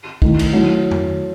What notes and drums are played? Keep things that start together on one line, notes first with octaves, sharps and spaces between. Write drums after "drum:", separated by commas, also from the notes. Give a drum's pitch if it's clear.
D#3 A3 E4, drum: kick
drum: cymbal
F#3 A3 E4
drum: tom F2